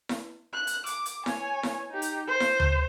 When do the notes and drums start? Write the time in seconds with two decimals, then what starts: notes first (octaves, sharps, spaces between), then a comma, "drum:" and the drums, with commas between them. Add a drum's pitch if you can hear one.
0.09 drum: snare E4
0.54 F#6
0.67 drum: hi-hat
0.86 D6, drum: hi-hat
1.06 drum: hi-hat
1.26 C#5 G#5, drum: snare E4
1.63 drum: snare E4
1.91 D#4 G4
2.02 drum: hi-hat
2.28 C5
2.40 drum: snare E4
2.60 drum: tom D2